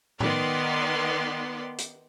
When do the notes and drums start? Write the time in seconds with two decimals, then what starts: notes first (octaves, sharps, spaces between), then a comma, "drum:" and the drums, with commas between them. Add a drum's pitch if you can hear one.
0.20 D#3 B3 D5 F#5 C6, drum: tom A2
1.78 drum: hi-hat